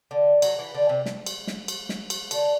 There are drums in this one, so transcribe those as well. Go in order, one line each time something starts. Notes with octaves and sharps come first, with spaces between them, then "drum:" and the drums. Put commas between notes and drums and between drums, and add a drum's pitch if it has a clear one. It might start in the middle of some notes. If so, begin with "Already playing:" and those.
D3
F#3, drum: cymbal
E3
D3
C3
drum: snare
drum: cymbal
drum: snare
drum: cymbal
drum: snare
drum: cymbal
D3, drum: cymbal